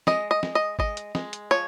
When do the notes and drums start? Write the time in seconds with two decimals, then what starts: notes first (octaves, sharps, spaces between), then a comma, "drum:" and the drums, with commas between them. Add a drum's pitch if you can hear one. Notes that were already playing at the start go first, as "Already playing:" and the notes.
0.07 G#3 D#5, drum: snare
0.31 D#5
0.43 G#3, drum: snare
0.55 D#5
0.79 G#3 D#5, drum: kick G#1
0.97 drum: hi-hat
1.15 G#3, drum: snare
1.33 drum: hi-hat
1.51 F3 C#5